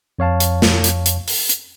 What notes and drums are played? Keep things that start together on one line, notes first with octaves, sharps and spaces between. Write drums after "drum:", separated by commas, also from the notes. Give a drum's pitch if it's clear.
F2 C#5 F5 A5
drum: hi-hat
drum: snare
drum: hi-hat
drum: hi-hat
drum: open hi-hat
drum: hi-hat